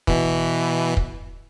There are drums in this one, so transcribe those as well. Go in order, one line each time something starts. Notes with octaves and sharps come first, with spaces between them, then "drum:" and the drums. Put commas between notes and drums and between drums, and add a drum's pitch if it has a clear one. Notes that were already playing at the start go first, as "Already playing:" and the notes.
B2 E3, drum: kick
drum: kick